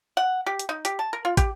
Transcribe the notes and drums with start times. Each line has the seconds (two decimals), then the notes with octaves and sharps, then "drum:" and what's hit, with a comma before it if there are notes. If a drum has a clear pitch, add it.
0.17 F#5
0.46 G4
0.59 drum: hi-hat
0.69 D#4
0.85 G4, drum: hi-hat
0.99 A5
1.13 A#4
1.25 F4
1.37 G4, drum: kick, hi-hat